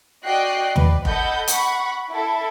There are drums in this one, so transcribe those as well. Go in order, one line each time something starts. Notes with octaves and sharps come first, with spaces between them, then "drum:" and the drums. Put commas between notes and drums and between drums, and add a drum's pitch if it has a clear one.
F#4 D5 D#5 G5 F#6 C7
B4 D5, drum: tom
A4 D#5 F#5 B5 G6, drum: kick F1
F#5 B5 C#6, drum: hi-hat
E4 A4 E5